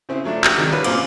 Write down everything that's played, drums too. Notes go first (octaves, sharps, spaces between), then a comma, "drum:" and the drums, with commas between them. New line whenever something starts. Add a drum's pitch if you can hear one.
C#3 C4 E4
F3 F#3 A3 D4
F#4 G4, drum: clap
C3 D#3 F#3 G#3 D4
G3 C#4 F4 B4
F#2 A#2 C4 F5 D6, drum: cymbal